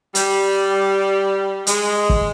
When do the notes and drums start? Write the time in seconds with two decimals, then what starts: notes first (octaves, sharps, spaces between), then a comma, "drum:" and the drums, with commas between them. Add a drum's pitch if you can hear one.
0.15 G3, drum: hi-hat
1.67 G#3, drum: hi-hat
2.10 drum: kick